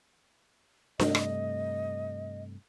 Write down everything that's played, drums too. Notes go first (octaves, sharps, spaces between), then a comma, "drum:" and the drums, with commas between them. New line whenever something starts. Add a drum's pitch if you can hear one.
G2 C3 A3 D#5, drum: snare
drum: rim click